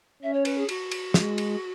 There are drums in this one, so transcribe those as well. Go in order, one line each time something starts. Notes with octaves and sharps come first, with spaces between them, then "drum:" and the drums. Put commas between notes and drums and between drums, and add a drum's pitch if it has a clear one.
C#4 E5
C#5
B4, drum: cymbal
G#4
F#4, drum: cymbal
drum: cymbal
G#3, drum: snare
drum: cymbal